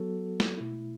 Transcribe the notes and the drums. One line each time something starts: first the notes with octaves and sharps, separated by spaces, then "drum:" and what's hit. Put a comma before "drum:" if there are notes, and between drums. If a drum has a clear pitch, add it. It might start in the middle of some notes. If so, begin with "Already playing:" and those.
Already playing: F#3 B3 F#4 A4
drum: snare
B2 A3 E4